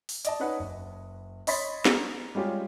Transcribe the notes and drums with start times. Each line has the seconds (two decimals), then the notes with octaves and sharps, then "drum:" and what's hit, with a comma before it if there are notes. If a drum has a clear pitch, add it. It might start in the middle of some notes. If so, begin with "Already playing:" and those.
0.09 drum: open hi-hat
0.25 D5 D#5 A5, drum: hi-hat
0.40 C#4 D#4 B4 F#5
0.59 F#1
1.47 C#5 D#5 B5 C6 A6 B6, drum: open hi-hat
1.85 A#5, drum: snare
2.35 G3 G#3 C#4 F4 G4